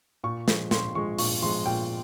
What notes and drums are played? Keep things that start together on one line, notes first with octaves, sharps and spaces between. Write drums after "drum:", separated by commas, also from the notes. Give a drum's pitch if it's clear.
A#2 C#6
F3 G#3, drum: snare
A#2 C6, drum: snare
F3 G#3 C#6
A#2 C#6, drum: open hi-hat
F3 G#3 C6
A#2 G5